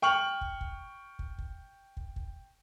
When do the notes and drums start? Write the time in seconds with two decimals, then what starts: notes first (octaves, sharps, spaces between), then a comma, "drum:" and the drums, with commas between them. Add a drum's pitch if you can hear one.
0.02 G5 C#6 F6 F#7
0.41 drum: kick
0.61 drum: kick
1.19 drum: kick
1.38 drum: kick
1.97 drum: kick
2.16 drum: kick